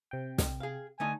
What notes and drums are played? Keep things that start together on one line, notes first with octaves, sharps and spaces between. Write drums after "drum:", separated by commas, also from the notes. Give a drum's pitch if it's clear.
C3 G5
drum: snare
G#4 F5
D3 A3 D#4 G#5